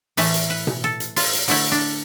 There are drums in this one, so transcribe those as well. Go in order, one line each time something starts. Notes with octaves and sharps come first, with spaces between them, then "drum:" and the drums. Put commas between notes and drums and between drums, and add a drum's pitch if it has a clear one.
A2 E3 A3 B4, drum: open hi-hat
drum: hi-hat
B4
drum: tom B2
A4
drum: hi-hat
F4, drum: open hi-hat
drum: hi-hat
D3 A3 E4, drum: open hi-hat
D4